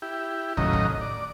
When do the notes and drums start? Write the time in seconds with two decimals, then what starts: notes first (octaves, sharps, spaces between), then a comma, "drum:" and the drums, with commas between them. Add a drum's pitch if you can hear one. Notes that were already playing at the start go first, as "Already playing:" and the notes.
0.02 E4 G4
0.57 D#2 A2 C#3 F#3 D#5 A#5, drum: kick
0.73 drum: kick
1.01 D5